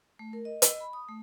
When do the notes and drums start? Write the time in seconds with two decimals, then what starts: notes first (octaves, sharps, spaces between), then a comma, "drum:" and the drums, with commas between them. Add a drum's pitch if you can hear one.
0.19 A3
0.33 A#4
0.45 D#5
0.62 D#5, drum: hi-hat
0.80 B5
0.93 D#6
1.09 A3